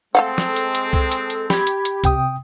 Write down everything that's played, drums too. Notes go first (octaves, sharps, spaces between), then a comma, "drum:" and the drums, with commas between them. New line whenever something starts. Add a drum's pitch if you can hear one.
G#3 A3 C4 A4 F5 F#5
drum: snare
drum: hi-hat
drum: hi-hat
drum: kick C2
drum: hi-hat
drum: hi-hat
G4 B5 G#6, drum: snare
drum: hi-hat
drum: hi-hat
C3 G5 D#6, drum: kick C2, hi-hat